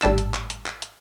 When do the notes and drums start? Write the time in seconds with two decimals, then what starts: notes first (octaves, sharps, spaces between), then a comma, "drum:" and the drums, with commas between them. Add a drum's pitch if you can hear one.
0.02 G#1 A2 G3 D4 A5 E6, drum: clap
0.18 drum: hi-hat
0.34 drum: clap
0.50 drum: hi-hat
0.66 drum: clap
0.82 drum: hi-hat